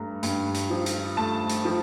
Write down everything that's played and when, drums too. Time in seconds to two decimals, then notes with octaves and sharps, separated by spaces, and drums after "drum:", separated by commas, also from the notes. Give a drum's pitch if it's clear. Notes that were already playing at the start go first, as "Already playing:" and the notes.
Already playing: G2 A3 A#5
0.23 G2, drum: hi-hat
0.54 drum: hi-hat
0.70 F3
0.86 drum: hi-hat
1.17 A3 A5
1.49 drum: hi-hat
1.65 F3